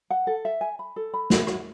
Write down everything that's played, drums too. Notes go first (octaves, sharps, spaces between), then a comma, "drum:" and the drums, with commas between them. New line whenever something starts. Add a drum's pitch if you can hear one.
F#5
A4
E5
G#5
B5
A4
B5
F#4, drum: snare
F#4, drum: rim click